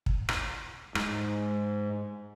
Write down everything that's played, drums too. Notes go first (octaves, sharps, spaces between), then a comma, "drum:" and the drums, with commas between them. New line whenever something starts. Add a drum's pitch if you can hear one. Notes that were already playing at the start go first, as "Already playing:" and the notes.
drum: kick
drum: rim click
G#2, drum: rim click